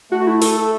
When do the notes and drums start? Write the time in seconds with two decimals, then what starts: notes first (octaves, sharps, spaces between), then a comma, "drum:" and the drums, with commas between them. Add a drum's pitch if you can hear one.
0.11 A3 F#4
0.27 E4
0.42 A4, drum: open hi-hat
0.57 A4